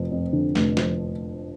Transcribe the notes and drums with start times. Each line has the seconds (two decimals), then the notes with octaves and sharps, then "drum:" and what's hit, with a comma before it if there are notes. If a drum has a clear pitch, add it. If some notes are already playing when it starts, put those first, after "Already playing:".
Already playing: F1 F2 F3
0.12 F2
0.33 D3
0.55 F1, drum: snare
0.77 F3, drum: snare